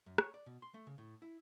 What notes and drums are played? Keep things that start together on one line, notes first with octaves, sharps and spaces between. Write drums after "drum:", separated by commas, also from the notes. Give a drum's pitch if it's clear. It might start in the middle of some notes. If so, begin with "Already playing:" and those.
F#2
C#5, drum: rim click
D5
B2
C6
A3
C#3
A2
E4